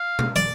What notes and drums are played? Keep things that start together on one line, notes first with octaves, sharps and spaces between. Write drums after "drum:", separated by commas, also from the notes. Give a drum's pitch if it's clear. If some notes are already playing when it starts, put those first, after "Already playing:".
Already playing: F5
drum: tom B2
D5